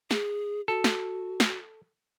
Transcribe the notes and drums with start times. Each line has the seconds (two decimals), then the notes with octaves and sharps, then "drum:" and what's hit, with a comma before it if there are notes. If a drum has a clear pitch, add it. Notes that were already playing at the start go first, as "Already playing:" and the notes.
0.11 G#4, drum: snare
0.68 F#4 A4
0.84 drum: snare
1.40 drum: snare